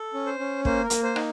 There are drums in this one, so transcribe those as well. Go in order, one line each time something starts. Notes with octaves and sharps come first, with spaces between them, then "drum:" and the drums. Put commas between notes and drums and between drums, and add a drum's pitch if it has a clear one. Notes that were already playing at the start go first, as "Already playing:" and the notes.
Already playing: A4
C#4
C5
C#4
A#3 C5, drum: kick
A#4
A#3, drum: hi-hat
C5
D#4, drum: rim click